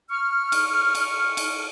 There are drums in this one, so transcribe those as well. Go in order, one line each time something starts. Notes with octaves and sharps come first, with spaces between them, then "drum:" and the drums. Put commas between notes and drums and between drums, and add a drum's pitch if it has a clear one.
C#6 F6
drum: cymbal
drum: cymbal
drum: cymbal